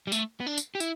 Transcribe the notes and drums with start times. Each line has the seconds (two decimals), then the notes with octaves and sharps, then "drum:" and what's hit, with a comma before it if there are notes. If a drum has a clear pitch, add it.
0.07 G3
0.12 A3, drum: tambourine
0.40 B3
0.47 D4
0.58 drum: tambourine
0.75 G4
0.80 E4, drum: tambourine